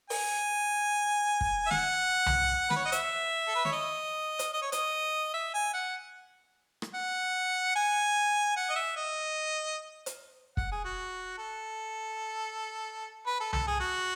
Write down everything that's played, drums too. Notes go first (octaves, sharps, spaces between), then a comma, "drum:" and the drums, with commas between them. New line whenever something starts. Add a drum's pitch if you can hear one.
G#5, drum: open hi-hat
drum: kick
E5
F#5, drum: snare
drum: tom C2
B4, drum: snare
C#5
D#5
E5, drum: hi-hat
A4
B4
C#5, drum: snare
D#5
drum: hi-hat
D#5
C#5
D#5, drum: hi-hat
E5
G#5
F#5
drum: rim click
F#5
G#5
F#5
D#5
E5
D#5
drum: hi-hat
F#5, drum: kick
G#4
F#4
A4
B4
A4
A4, drum: tom C2
G#4
F#4